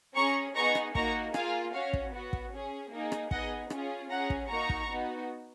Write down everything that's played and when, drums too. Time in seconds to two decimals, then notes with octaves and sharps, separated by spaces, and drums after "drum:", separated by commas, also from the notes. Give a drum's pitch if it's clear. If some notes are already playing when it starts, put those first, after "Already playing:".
0.16 C#4 G#4 A#5 C#6
0.55 B3 D#4 G#4 A#5 C#6
0.75 drum: rim click
0.95 A#3 D#4 F#4 A#5 C#6, drum: kick
1.34 A#3 F4 G#4 F5 G#5, drum: rim click
1.73 C#4 F#4 C#5 F5
1.93 drum: kick
2.13 B3 F#4
2.33 drum: kick
2.53 C#4 G#4
2.92 A#3 D#4 G#4
3.12 drum: rim click
3.31 B3 D#4 G#4 D#5 F#5, drum: kick
3.70 C#4 F4 G#4, drum: rim click
4.10 C#4 G#4 F#5 A#5
4.30 drum: kick
4.49 A#3 D#4 F#4 A#5 C#6
4.70 drum: kick
4.89 B3 D#4 F#4